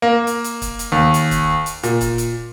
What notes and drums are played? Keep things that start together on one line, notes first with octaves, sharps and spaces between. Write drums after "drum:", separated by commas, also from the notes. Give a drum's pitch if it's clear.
A#3
drum: hi-hat
drum: hi-hat
drum: kick, hi-hat
drum: hi-hat
D#2
drum: hi-hat
drum: kick, hi-hat
drum: hi-hat
A#2, drum: hi-hat
drum: kick, hi-hat
drum: hi-hat